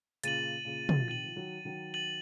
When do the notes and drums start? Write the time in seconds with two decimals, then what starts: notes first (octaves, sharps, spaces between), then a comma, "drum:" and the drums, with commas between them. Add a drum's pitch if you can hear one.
0.23 A#2 C#3 A6 D#7 F#7, drum: hi-hat
0.65 A#2 C#3
0.89 F#3, drum: tom
0.99 F3
1.08 C3 D#3 A6 D#7 F#7
1.24 F3
1.36 D#3 F#3
1.65 D#3 F#3
1.94 A6 D#7 F#7